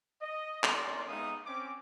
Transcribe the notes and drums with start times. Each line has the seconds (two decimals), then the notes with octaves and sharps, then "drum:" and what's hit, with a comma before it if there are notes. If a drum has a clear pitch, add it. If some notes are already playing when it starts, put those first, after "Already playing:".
0.22 D#5
0.64 C#4 A#4 D5 C6, drum: clap
1.08 G#3 B3 D#4 E5 F5 D#6
1.46 C4 C#4 D6